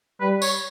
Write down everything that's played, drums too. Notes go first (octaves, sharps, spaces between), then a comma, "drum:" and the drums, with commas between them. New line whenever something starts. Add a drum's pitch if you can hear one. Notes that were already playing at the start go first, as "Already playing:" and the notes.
G3 B4
C#5, drum: tambourine